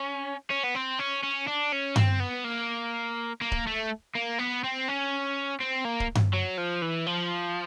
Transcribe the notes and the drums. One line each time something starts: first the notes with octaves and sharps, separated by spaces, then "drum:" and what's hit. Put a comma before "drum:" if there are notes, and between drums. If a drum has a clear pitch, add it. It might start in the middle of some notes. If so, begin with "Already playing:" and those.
Already playing: C#4
C#4
B3
C4
C#4
C#4
D4
C#4
C4, drum: tom G2
B3
A#3
A#3
drum: kick C#1
A3
A#3
B3
C4
C#4
C4
A#3
drum: kick C#1
drum: tom G2
F#3
F3
E3
F3